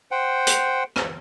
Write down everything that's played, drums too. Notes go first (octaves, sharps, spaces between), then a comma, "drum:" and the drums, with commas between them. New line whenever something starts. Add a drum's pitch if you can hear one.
C5 F#5 G5
drum: hi-hat
drum: rim click